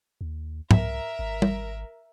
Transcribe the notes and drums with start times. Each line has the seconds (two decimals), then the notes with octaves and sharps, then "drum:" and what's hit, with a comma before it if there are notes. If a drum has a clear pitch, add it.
0.21 D#2
0.71 C2 A#4 E5, drum: tom G#2
1.19 G#1
1.42 drum: tom